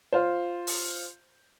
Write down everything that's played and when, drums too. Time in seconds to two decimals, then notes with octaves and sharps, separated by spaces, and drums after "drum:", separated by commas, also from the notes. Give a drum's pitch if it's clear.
0.13 F4 C5
0.67 drum: open hi-hat